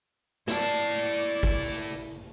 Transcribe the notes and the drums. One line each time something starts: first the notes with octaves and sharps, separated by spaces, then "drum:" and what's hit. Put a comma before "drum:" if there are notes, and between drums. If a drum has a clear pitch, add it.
E4 D5 A5, drum: snare
drum: kick
drum: hi-hat